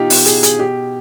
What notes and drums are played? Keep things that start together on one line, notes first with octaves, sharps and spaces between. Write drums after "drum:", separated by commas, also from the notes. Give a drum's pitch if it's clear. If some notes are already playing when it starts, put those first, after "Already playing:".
Already playing: B2 D#4 F4 G4
B2, drum: open hi-hat
G#4, drum: hi-hat
G#4, drum: hi-hat
B2 G4